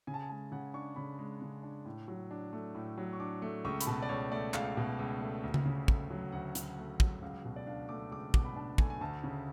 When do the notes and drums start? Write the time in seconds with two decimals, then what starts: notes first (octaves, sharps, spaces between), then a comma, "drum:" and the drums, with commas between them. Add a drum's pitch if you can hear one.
0.07 C#3 G#5
0.14 A5
0.22 G#5
0.29 G#3 A5
0.52 C#3 F#5
0.74 D4 C#6
0.96 C#3 B5
1.19 G#3
1.42 C#3
1.63 D4
1.85 A2
2.08 F#3
2.31 D4
2.53 A3
2.75 A2
2.98 F#3
3.13 C#6
3.20 D4 D6
3.42 A3
3.64 C#2 C#6
3.81 B5, drum: hi-hat
3.87 B2 A5
4.02 D5
4.09 C#2 C#5
4.32 A3 D5
4.54 C#2 F5, drum: clap
4.77 B2
4.99 C#2
5.21 A3
5.44 D2
5.54 drum: tom C#3
5.65 C#3
5.88 A3, drum: kick
6.10 F#3
6.32 D2 F#5
6.55 C#3, drum: hi-hat
6.78 A3
7.00 F#3, drum: kick
7.22 C#2 F5
7.45 B2
7.56 D5
7.67 D4 F5
7.89 A3 D6
8.11 C#2 D6
8.34 B2 D6, drum: kick
8.45 B5
8.56 D4 A5
8.78 A3 G#5, drum: kick
8.90 G#5
9.01 D2 A5
9.24 C#3